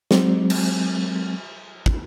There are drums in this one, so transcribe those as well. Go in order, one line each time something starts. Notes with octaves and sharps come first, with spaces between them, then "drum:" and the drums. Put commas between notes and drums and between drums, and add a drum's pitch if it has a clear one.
F#3 G#3 C4, drum: snare
drum: cymbal
drum: kick